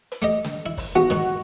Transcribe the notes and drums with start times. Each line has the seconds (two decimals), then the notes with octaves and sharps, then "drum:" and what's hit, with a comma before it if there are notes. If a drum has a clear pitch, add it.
0.12 drum: hi-hat
0.22 A3 G4 D#5
0.44 drum: snare
0.66 E4
0.77 drum: kick, open hi-hat
0.95 B3 F#4
1.10 G#2 D#3, drum: hi-hat